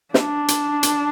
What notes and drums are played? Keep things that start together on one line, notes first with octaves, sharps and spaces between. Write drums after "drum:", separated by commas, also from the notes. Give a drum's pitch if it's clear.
D4, drum: snare
drum: hi-hat
drum: hi-hat